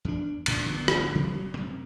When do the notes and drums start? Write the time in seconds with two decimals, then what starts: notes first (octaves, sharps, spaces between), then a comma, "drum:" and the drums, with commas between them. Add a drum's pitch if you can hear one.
0.05 E2 D4
0.46 D2 A#2 B3 D4, drum: cymbal
0.64 G#1 D2 D3 B3
0.88 drum: rim click
1.15 C3 F#3 G3 C4
1.32 E1 F#3 C#4
1.57 F#2 C3